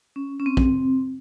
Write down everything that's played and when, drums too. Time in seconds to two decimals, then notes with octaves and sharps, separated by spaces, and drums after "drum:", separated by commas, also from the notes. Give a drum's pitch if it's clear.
0.16 C#4
0.40 C#4
0.46 C4
0.57 drum: kick